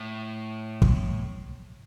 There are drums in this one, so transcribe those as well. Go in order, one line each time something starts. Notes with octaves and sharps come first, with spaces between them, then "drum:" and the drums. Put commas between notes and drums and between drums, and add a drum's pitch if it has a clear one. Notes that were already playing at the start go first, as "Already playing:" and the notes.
Already playing: A2
drum: kick